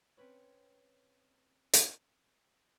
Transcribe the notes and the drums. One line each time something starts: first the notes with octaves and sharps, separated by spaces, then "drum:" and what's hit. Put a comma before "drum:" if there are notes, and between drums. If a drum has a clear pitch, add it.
C4 C#4 B4 C#5
drum: hi-hat